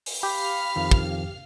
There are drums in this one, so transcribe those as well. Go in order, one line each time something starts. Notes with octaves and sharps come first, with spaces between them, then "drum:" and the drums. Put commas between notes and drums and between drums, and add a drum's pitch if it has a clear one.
drum: open hi-hat
G4 F5 B5 F6
F2 D#3 F3
drum: kick